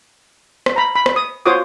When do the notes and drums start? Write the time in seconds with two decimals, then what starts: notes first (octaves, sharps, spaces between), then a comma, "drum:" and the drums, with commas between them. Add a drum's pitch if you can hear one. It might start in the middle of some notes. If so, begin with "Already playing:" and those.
0.66 drum: rim click
0.76 A#5 B5
0.96 B5
1.06 drum: rim click
1.16 D#6
1.46 F4 F#4 C5 C#5 D6 D#6